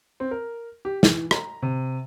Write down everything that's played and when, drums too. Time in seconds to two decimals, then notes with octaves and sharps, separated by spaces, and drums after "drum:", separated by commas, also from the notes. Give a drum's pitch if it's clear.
0.20 C4
0.31 A#4
0.85 G4
1.03 E3, drum: snare
1.31 A#5, drum: rim click
1.62 C3